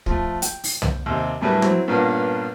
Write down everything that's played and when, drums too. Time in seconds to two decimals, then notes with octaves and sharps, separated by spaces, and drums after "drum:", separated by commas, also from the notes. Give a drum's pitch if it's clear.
0.06 F3 A3, drum: kick
0.42 G5, drum: hi-hat
0.64 drum: open hi-hat
0.82 drum: tom
1.06 D#2 C3
1.41 F#2 A2 G3 A3 D4 B4
1.62 F#3 C4 E4, drum: tom
1.88 G2 A#2 A#3 B3 C#4 D4